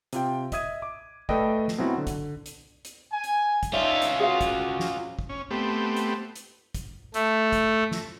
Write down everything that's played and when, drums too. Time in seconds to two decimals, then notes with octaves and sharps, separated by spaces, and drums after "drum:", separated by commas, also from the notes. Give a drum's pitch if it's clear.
0.13 C3 F4 G5, drum: hi-hat
0.52 D#5 E5 D#6 G#6 D#7, drum: kick, hi-hat
0.82 D6
1.29 A3 A4 B4 D5 D#5 G5, drum: kick
1.68 drum: snare
1.78 B2 F#3 C4 E4 F#4
1.98 D3
2.07 drum: kick, hi-hat
2.46 drum: hi-hat
2.85 drum: hi-hat
3.13 G#5
3.24 drum: hi-hat
3.63 drum: kick, hi-hat
3.73 C#4 D#4 F4 D5 E5 A5
4.02 drum: hi-hat
4.20 F#4 G#4 A#4 F5
4.41 drum: kick, hi-hat
4.80 drum: snare
5.19 drum: kick
5.29 C#4
5.50 A3 B3 C4 G4
5.97 drum: hi-hat
6.36 drum: hi-hat
6.74 drum: kick, hi-hat
7.14 A3, drum: hi-hat
7.52 drum: kick, hi-hat
7.91 drum: snare